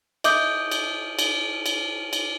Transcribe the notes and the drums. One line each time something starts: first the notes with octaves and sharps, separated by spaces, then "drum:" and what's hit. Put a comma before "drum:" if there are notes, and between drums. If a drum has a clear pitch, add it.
D#5 E5 D6 D#6 G6, drum: cymbal
drum: cymbal
drum: cymbal
drum: cymbal
drum: cymbal